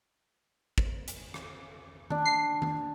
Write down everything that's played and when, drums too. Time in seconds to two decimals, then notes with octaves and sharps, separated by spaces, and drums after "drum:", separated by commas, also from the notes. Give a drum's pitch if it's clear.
0.78 drum: kick
1.08 drum: hi-hat
1.34 drum: rim click
2.10 D4, drum: tom D#3
2.26 C7
2.62 drum: tom D#3